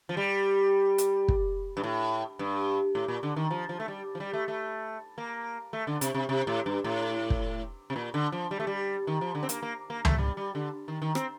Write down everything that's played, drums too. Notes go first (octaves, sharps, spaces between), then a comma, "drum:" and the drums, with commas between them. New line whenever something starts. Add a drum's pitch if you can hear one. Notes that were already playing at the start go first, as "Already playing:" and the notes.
F3
G3
drum: hi-hat
drum: kick
G2
A2
G2
A2
A#2
D3
D#3
F3
F3
A3
G3
F3
G3
A3
A3
A#3
A3
D3
C3, drum: hi-hat
C3
C3
A2
G2
A2
drum: kick
C3
A#2
D3
F3
G3
A3
G3
D#3
F3
D3
C4
A#3, drum: hi-hat
A#3
A#3
A3, drum: tom C#2
G3
G3
D3
D#3
D#3
C4, drum: rim click